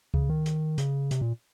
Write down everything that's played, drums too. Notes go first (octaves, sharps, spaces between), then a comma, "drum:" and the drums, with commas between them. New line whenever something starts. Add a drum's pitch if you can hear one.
C#3, drum: kick C#2
D#3
drum: hi-hat
C#3, drum: hi-hat
C3, drum: hi-hat
A#2